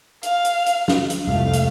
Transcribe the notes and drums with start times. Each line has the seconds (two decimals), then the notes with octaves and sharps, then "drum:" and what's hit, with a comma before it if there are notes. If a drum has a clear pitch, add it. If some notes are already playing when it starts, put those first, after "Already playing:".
0.23 F5, drum: hi-hat
0.45 drum: hi-hat
0.66 drum: hi-hat
0.88 drum: snare
1.10 drum: hi-hat
1.25 C2 F2 A3 F5
1.53 drum: hi-hat